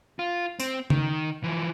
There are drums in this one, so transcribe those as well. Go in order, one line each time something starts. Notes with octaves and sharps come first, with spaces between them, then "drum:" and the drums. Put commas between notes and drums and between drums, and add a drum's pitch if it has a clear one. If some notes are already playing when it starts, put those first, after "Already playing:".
F4
C4, drum: tambourine
D#3, drum: tom
E3 F3